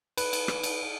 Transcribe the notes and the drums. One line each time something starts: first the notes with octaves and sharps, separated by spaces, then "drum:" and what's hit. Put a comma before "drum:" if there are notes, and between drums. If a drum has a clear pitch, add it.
B4, drum: cymbal
drum: cymbal
drum: rim click
drum: cymbal